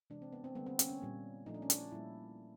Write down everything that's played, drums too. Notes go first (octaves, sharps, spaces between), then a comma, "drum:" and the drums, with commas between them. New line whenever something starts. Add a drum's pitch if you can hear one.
C3 E3 G#3 D4
C4
B3
C4
D3 G3 A#3 B3
C4
C#4, drum: hi-hat
C#4
A#2 G3 A#3
A#2 F3 A3 D#4
D4
C#4
D4, drum: hi-hat
A#2 G3 A#3 E4